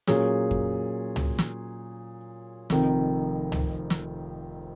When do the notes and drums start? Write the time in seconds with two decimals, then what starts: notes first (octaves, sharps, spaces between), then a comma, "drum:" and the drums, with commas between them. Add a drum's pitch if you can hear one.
0.07 A#2 F#3 C#4 G#4, drum: snare
0.51 drum: kick F2
1.16 drum: tom
1.39 drum: snare
2.70 F1 F2 D#3, drum: snare
3.52 drum: tom
3.90 drum: snare